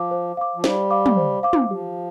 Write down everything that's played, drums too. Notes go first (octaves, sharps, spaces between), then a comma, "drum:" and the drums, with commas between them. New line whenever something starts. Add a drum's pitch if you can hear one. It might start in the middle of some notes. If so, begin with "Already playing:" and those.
Already playing: F3 F5 D6
C5
F5 D6
F3
G3 C5, drum: snare
F5 D6
drum: tom
C5
F5 D6
drum: tom
F3 G4